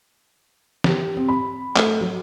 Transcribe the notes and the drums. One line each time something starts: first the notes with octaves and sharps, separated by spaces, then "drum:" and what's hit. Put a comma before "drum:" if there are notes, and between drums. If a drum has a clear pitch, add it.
G4, drum: snare
C4
B5
A3, drum: clap
F#3